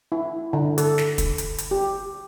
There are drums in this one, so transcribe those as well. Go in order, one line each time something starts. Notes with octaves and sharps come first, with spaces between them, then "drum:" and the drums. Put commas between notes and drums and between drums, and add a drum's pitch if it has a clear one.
E4
D3
A4, drum: hi-hat
drum: snare
drum: kick, hi-hat
drum: hi-hat
drum: hi-hat
G4